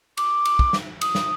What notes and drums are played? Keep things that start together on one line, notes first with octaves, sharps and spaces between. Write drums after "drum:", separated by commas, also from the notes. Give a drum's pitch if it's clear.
D6, drum: cymbal
drum: cymbal
drum: kick
drum: snare
D#6, drum: cymbal
drum: snare